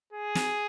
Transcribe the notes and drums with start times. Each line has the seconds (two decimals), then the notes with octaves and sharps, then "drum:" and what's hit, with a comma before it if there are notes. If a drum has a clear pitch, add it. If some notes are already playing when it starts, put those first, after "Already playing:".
0.13 G#4
0.35 drum: snare